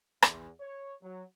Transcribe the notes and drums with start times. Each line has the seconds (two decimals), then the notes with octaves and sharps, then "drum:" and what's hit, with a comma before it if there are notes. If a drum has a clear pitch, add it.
0.22 E2, drum: rim click
0.61 C#5
1.03 F#3